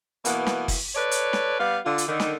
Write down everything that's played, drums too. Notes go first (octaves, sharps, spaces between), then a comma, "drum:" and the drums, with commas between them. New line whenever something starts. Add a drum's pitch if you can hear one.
B2 E3 A#3 B3, drum: hi-hat
drum: snare
drum: kick F#1, open hi-hat
A4 B4 C#5 D5
drum: hi-hat
drum: snare
G3 B3 F5
D3 F4
drum: hi-hat
D3 D#3
drum: snare